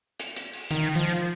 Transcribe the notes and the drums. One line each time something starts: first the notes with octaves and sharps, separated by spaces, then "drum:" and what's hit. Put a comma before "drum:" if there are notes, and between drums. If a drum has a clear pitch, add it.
drum: hi-hat
drum: hi-hat
drum: open hi-hat
D#3, drum: hi-hat
F3